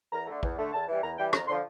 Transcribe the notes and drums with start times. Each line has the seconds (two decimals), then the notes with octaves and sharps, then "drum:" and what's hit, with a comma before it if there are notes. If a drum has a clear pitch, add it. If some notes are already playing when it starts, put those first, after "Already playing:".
0.12 E2 A#5
0.27 D3 A3
0.43 E2, drum: kick
0.57 D3 A3
0.73 E2 A5
0.88 E3 G3
1.03 E2 A#5
1.18 E3 G3 G5
1.33 F2 A#5, drum: rim click
1.48 D3 F3 C6